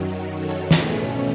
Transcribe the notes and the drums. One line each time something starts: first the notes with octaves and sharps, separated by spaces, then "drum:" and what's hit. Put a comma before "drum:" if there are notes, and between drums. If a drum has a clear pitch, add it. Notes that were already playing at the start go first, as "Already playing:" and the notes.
Already playing: F#2 D#3 F#3
A4 C#5
B2 A3 C#4 G#4 B4, drum: snare